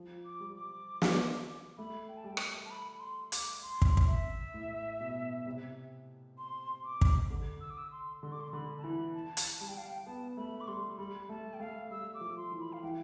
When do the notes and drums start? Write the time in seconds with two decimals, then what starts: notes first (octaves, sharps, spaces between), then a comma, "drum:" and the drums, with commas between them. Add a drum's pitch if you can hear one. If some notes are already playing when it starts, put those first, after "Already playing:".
Already playing: F3
0.25 D6
0.40 G3
0.55 D6
1.02 drum: snare
1.78 A3 B5
2.09 G5
2.17 A5
2.24 G3 G5
2.37 drum: rim click
2.65 A5
2.70 B5
2.92 B5
3.00 C6
3.32 D6, drum: hi-hat
3.62 C6
3.82 drum: kick
3.97 drum: kick
4.07 E5
4.54 A2
5.00 B2
5.46 C3
6.38 C6
6.84 D6
7.01 drum: kick
7.30 D3
7.61 E6
7.70 D6
7.78 E6
7.91 C6
8.22 D3 C6
8.32 D6
8.40 C6
8.53 D3 B5
8.79 A5
8.83 E3 B5
9.15 A5
9.37 drum: hi-hat
9.61 G3 A5
9.69 G5
9.78 F5
9.87 G5
10.06 B3 A5
10.37 A3 B5
10.61 D6
10.68 G3 C6
10.98 G3 B5
11.29 A3 A5
11.54 G5
11.60 A3 F5
11.91 G3 E6
12.14 D6
12.21 F3
12.37 C6
12.52 E3
12.60 B5
12.73 F5
12.83 E3 G5